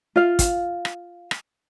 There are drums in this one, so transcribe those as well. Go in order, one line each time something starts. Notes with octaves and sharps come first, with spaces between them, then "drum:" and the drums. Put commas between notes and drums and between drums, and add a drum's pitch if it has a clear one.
F4 F5
drum: kick, hi-hat
drum: rim click
drum: rim click